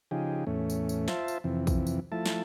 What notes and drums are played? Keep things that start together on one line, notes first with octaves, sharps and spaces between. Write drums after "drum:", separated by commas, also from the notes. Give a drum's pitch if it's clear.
C#3 F3 D#4 G4 G#4
E2 A2 A3 C#4
drum: tambourine
drum: tambourine
F4 C5 E5 A5, drum: snare
drum: tambourine
F2 C3 E3
drum: kick, tambourine
drum: tambourine
F3 A3 E4 A5
drum: snare